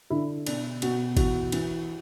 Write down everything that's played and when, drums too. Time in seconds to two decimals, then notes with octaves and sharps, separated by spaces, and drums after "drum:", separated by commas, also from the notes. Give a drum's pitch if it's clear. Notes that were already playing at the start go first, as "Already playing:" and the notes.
0.10 D3 E4
0.46 B2 D4, drum: cymbal
0.82 B2 F#4, drum: cymbal
1.17 E3 F#4, drum: kick G1, cymbal
1.52 E3, drum: cymbal